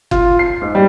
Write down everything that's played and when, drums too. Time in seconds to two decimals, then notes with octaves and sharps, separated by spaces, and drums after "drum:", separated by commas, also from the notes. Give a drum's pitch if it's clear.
0.11 F4, drum: kick F#1
0.39 C7
0.62 G#2
0.75 G3